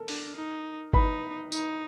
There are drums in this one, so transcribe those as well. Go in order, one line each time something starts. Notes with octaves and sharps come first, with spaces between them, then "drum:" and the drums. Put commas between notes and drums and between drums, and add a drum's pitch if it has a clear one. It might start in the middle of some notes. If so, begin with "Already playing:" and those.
Already playing: A4 A#4
D4, drum: open hi-hat
D#4
D#4 B4 B5, drum: kick
D#4, drum: tambourine